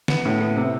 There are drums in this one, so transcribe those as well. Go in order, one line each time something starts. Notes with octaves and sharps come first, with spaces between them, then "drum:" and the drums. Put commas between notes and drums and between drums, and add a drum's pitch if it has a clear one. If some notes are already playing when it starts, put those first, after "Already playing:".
B3, drum: snare
A2
B3
C3